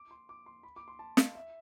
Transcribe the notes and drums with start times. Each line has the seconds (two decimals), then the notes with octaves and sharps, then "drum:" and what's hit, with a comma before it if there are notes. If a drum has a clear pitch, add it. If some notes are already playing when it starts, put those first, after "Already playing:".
Already playing: D6
0.11 C6
0.29 D6
0.46 C6
0.63 B5
0.76 D6
0.88 C6
0.99 A5
1.17 F5, drum: snare
1.35 E5